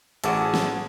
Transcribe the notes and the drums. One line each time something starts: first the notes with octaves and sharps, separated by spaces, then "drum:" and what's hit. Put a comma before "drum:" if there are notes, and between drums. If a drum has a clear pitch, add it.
A1 F#3 F#4 G#4 A4 D6, drum: hi-hat
drum: snare